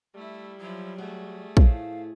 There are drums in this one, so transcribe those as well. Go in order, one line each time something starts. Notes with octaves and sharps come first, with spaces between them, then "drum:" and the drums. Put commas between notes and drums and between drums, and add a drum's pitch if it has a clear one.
G3 A3 E4
F3 F#3 E4
A3 F#4 G#4
A2 F3 F5, drum: kick